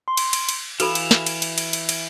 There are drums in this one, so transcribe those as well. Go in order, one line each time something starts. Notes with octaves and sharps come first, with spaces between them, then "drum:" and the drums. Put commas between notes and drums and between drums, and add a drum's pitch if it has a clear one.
C6
drum: cymbal
drum: cymbal
drum: cymbal
E3 F#4 A4 E5 F5 B5 F6, drum: cymbal
drum: cymbal
drum: snare
drum: cymbal
drum: cymbal
drum: cymbal
drum: cymbal
drum: cymbal